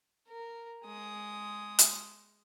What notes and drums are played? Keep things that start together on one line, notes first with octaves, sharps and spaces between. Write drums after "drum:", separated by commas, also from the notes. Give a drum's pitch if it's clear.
A#4
G#3 D#6
drum: hi-hat